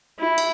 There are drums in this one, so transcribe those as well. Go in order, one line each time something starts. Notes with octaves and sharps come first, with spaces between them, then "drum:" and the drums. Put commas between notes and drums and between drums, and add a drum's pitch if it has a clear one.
E4
drum: cymbal